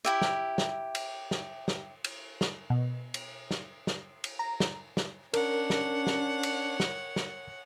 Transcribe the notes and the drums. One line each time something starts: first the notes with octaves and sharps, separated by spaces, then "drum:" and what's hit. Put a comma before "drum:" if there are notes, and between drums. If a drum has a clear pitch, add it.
E4 G4 E5
drum: snare
drum: snare
drum: cymbal
drum: snare
drum: snare
drum: cymbal
drum: snare
B2
drum: cymbal
drum: snare
drum: snare
drum: cymbal
A#5
drum: snare
drum: snare
C#4 D4 A#4 C#5 F#5, drum: cymbal
drum: snare
drum: snare
drum: cymbal
drum: snare
drum: snare